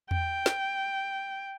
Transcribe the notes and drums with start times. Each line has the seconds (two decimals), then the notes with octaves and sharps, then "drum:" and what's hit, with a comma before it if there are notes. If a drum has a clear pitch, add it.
0.11 G5, drum: tom E2
0.46 drum: snare